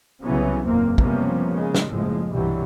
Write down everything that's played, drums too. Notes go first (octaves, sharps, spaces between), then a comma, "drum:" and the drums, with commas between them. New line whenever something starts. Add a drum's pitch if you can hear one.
C2 C#3 E3 F#3 B3 C#4
F#1 E2 A#2 A#3 C4
C3 F3 G3 A#3 B3 C#4, drum: kick
C#3 G#3
drum: snare
F#1 A2 F3 G#3
C2 G2 B2 E3 F#3 G3